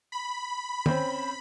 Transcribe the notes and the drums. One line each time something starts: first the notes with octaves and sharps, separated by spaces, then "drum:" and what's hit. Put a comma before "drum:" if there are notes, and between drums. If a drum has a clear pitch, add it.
B5
C4 C#4 C5, drum: tom D#3